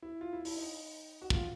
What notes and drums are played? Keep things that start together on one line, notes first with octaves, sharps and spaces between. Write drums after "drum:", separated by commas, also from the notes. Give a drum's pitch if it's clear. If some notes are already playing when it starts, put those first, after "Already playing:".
E4
F4
E4
E4, drum: open hi-hat
D#4
F#4
F4, drum: kick